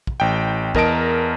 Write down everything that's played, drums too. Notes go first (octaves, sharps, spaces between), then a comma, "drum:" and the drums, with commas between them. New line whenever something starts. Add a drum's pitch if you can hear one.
drum: kick
A1 G5
E2 A#4 D#5 A5 D7, drum: kick